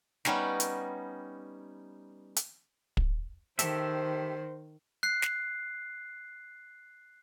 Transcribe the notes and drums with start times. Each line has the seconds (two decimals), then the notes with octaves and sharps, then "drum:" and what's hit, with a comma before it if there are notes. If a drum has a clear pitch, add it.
0.25 G3 B3 C#4 D#4, drum: snare
0.60 drum: hi-hat
2.36 drum: hi-hat
2.97 drum: kick
3.59 D#3 G4 A4 C5 E5, drum: hi-hat
5.03 F#6 C7
5.22 drum: snare